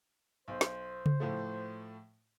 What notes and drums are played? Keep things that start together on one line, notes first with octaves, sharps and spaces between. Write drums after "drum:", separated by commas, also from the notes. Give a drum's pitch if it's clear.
B1 C5
drum: snare
drum: tom C#3
A2 F3 A3